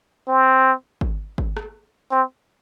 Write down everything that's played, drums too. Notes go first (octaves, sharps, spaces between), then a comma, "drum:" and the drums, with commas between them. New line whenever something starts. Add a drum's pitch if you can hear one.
C4
drum: kick G#1
drum: kick G#1
drum: rim click
C4